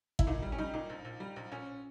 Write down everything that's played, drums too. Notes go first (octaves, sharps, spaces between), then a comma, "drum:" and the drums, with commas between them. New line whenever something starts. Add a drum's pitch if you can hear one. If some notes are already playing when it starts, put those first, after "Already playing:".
E4, drum: kick
A#2 D#4
G3
C#4
G3 D#4
A#2 D#4
A#1
A#1
G3
A#1
A#1 C#4